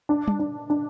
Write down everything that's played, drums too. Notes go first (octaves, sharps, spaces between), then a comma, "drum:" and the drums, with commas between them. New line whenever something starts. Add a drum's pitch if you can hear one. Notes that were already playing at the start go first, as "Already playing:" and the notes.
D4
drum: tom G3
D4
D4